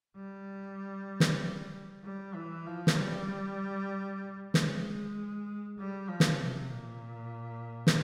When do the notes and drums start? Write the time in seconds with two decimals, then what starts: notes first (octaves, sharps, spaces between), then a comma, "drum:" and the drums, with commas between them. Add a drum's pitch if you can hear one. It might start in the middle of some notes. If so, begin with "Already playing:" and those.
0.16 G3
1.20 drum: snare
2.04 G3
2.35 E3
2.66 F3
2.87 drum: snare
2.97 G3
4.54 G#3, drum: snare
5.78 G3
6.09 F3
6.20 drum: snare
6.41 C3
6.72 A#2
7.87 drum: snare